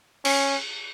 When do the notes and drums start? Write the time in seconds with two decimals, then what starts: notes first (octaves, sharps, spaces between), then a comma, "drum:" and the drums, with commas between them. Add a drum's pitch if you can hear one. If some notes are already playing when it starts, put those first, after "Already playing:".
0.25 C#4, drum: cymbal